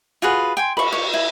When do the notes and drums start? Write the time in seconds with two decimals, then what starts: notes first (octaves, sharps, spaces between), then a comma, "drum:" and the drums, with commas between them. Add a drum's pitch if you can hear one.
0.22 F4 F#4 G#4 B4
0.57 G5 G#5 C6
0.77 B5 C#6, drum: cymbal
0.92 C#5
1.14 E4